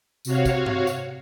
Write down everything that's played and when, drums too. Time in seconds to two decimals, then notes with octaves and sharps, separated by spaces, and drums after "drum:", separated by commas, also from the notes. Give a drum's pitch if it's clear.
0.25 C3 F#4 C#5 F5, drum: tambourine
0.45 drum: kick, tambourine
0.66 drum: tom G2
0.87 drum: tambourine